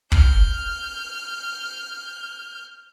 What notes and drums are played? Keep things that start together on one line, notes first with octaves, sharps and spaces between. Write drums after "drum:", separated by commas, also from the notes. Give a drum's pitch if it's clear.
F6 G6, drum: kick